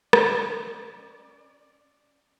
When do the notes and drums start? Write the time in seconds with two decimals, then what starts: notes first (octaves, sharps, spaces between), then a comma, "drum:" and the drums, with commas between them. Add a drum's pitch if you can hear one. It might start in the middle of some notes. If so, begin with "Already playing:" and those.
0.13 C#4 D5, drum: rim click